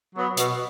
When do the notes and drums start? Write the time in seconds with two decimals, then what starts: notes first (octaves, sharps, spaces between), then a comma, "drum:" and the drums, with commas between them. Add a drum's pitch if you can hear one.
0.15 F#3 B3
0.37 B2, drum: hi-hat